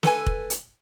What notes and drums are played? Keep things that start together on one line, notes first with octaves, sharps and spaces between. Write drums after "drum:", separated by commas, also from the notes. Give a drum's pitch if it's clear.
A4 B4 G#5, drum: snare
drum: kick
drum: hi-hat